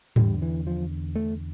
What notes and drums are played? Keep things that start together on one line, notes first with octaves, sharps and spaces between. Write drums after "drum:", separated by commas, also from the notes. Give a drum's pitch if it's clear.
E2 D3 G3, drum: tom G#2
E3
F3
A3